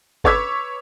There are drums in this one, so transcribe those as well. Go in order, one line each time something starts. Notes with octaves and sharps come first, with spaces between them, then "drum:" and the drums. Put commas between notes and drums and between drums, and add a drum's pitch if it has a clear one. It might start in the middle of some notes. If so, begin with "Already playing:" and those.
B4 C#5 D6 E6 G#6 B6, drum: kick G1